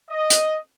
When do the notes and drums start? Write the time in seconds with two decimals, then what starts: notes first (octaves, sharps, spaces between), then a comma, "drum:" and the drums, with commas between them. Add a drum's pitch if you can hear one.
0.10 D#5
0.30 drum: hi-hat